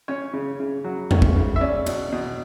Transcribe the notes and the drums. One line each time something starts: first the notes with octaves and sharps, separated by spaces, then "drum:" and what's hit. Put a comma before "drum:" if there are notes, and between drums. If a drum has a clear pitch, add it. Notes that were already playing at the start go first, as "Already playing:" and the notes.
C#4 C#5
C#3
C#3
F#3
C#4, drum: tom E2
drum: kick
C#3
E5
C#4 D5
B2, drum: cymbal
B2